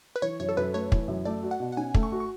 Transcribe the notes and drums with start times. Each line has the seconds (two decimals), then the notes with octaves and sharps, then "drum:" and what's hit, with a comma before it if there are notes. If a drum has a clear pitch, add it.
0.16 B4
0.22 E3 C#5
0.40 F#2 C#5
0.49 A4
0.57 F#2 B4
0.73 A3 C#5
0.92 E3, drum: kick
1.08 F#2
1.25 A3 D5
1.43 F#4
1.51 F#5
1.60 B2
1.72 F#5
1.77 C#4 G#5
1.94 A3, drum: kick
2.03 C#6
2.12 F#4
2.20 C#6